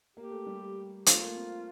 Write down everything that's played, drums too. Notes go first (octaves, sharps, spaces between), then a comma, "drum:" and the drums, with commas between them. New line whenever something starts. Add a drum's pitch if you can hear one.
A#3 G4
A3
G3
A3 F4, drum: hi-hat
A#3
C4